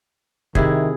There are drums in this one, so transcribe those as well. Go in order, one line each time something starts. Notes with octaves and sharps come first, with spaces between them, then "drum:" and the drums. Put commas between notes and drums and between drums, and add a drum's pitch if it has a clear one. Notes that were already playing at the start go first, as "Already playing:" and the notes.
C3 D#3 E4 G#4, drum: kick